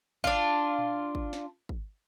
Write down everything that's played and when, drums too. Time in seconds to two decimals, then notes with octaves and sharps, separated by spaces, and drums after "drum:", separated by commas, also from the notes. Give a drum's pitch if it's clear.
0.24 D4 F4, drum: kick
0.78 drum: tom A#2
1.15 drum: kick
1.33 drum: snare
1.69 drum: kick